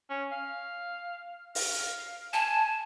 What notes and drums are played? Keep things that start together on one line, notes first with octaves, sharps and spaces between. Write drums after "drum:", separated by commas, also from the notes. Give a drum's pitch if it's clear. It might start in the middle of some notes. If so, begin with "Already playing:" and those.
C#4
F5
F5, drum: open hi-hat
G#5 A5